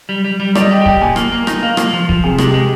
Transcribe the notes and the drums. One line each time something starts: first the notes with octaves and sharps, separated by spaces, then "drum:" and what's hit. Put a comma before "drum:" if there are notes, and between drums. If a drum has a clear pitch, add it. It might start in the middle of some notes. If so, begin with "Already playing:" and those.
G3
G3
G3
G3 D5, drum: rim click
D#5
G4
G5
G4, drum: kick
A#2 G#5
A#3, drum: rim click
A#3
D#4, drum: rim click
A#3 F5
A#3, drum: rim click
F3
F3, drum: kick
C3 G#4
G#3, drum: rim click
G4
G#3